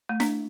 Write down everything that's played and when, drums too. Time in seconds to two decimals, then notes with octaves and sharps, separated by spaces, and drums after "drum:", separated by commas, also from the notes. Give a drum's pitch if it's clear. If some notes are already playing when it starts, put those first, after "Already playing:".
0.09 A3
0.20 D4, drum: snare